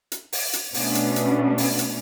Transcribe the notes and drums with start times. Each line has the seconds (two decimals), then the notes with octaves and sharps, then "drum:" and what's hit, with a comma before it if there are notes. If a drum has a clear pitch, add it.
0.12 drum: hi-hat
0.33 drum: open hi-hat
0.53 drum: hi-hat
0.74 B2 A3 B3 C#4 D4, drum: open hi-hat
0.95 drum: hi-hat
1.16 drum: hi-hat
1.58 drum: open hi-hat
1.79 drum: hi-hat